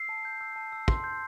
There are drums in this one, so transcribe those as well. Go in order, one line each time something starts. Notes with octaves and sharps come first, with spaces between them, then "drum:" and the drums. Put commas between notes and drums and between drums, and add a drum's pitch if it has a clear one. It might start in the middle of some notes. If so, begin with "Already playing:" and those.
Already playing: E6 C7
A5
G6
E6
A5
E6
C6, drum: kick
G6